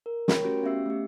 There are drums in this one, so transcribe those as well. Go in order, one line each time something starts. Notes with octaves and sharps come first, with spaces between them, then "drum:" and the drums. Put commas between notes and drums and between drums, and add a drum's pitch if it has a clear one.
A#4
A#4 C#5 G5 B5, drum: snare
A3 C#4 F#4 G4 D7
B3 C#4 G4 E5 E6 C7
A3 G4